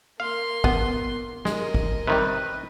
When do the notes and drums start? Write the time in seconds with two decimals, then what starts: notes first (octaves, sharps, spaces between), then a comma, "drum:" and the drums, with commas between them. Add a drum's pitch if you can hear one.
0.20 A#3 F5 C6
0.64 B3, drum: kick
1.45 G#3 A#4 D#5, drum: snare
1.74 drum: kick
2.08 C3 D#3 G3 B4